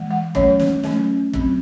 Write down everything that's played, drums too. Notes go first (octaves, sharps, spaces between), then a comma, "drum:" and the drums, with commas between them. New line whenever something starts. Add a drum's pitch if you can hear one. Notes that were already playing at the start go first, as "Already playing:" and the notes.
Already playing: E3 G#3
F#5
F#3 A3 C#4 C#5, drum: kick
drum: snare
F#3 A3 C#4, drum: snare
F#3 C4, drum: kick